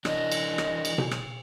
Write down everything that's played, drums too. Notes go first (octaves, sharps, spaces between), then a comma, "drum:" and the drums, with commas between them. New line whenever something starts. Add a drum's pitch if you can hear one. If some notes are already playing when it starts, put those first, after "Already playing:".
E3 D4 D#5, drum: rim click
drum: cymbal
drum: rim click
drum: cymbal
drum: tom B2
drum: rim click